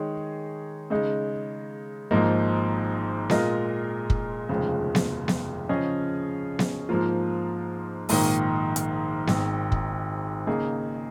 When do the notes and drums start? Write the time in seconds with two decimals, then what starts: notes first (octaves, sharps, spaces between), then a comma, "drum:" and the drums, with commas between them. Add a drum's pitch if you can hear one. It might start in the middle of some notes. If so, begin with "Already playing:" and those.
Already playing: D#3 G#3 D#4 G#4 C#5
0.90 C#3 G#3 D#4
2.11 G#1 G#2 F3 A#3 D#4
3.30 A#2 G#3 F4 A#4 D#5, drum: snare B3
4.10 drum: kick
4.49 F1 D#2 C#3 F3 G#3
4.95 drum: snare B3
5.28 drum: snare B3
5.69 C#3 F3 C#4 G#4 D#5
6.59 drum: snare B3
6.89 G#2 F3 A#3 F4
8.09 A#1 G#2 D#3 A#3, drum: open hi-hat
8.76 drum: hi-hat
9.27 G#1 G#2 D#3, drum: snare B3
9.72 drum: kick
10.47 C#3 A#3 D#4 G#4